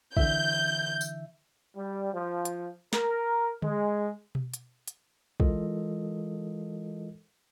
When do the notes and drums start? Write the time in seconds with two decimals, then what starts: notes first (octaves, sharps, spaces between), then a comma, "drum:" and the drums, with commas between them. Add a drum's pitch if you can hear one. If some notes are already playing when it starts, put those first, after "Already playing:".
0.17 D3 E3 E5 G6, drum: kick
1.01 drum: tambourine
1.75 G3
2.12 F3
2.45 drum: hi-hat
2.93 A#4, drum: snare
3.62 G#3, drum: tom D3
4.35 drum: tom B2
4.54 drum: hi-hat
4.88 drum: hi-hat
5.40 E3 G#3 F4 A4 A#4 D#5, drum: kick